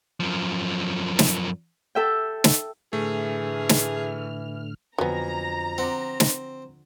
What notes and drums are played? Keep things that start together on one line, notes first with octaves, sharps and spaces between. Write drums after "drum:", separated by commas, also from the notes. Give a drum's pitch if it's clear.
F#2 F3
drum: snare
A4 E5 G5
drum: snare
A2 D3 E3 A3 G#4 F6
drum: snare
F2 D3 F#3 B3 G#5 A#5
C4 F#5 D6
drum: snare